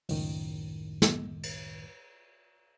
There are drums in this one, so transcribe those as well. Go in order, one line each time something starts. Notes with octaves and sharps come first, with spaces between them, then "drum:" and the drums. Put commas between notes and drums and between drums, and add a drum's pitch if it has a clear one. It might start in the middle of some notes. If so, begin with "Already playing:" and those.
C#2 F#2 A2 D#3, drum: open hi-hat
drum: snare
drum: cymbal